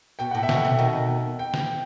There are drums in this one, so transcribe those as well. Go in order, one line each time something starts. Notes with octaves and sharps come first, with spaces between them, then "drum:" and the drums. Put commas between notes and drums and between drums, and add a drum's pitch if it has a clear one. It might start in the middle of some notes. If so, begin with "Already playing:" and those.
B2 G5
A2 F#5
E5
B2, drum: snare
F#5
C3
B2 D#3
G5
drum: snare